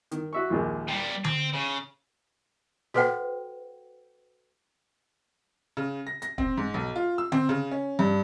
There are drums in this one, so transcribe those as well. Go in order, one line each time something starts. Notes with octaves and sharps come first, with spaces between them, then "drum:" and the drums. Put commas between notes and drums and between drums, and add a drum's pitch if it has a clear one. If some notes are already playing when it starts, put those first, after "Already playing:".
D#3, drum: hi-hat
F#4 E5 C#6
A#1 D#2 G#3
A#2 G3 G5
C4, drum: tom D3
C#3
F#4 A4 B4 C5 F#5 G5, drum: snare
C#3
A#6
A#6, drum: hi-hat
C4, drum: kick
G#2
B1
F4
E6
C4, drum: tom D3
C#3
C#4
G2